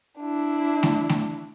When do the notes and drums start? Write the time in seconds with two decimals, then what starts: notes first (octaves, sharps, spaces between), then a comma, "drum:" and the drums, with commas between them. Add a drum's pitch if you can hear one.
0.19 D4 E4
0.83 drum: snare A3
1.09 drum: snare A3